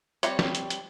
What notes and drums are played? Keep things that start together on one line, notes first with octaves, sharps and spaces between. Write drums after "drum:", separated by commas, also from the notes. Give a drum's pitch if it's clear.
G3 C4 F4 C#5, drum: hi-hat
drum: snare
drum: hi-hat
drum: hi-hat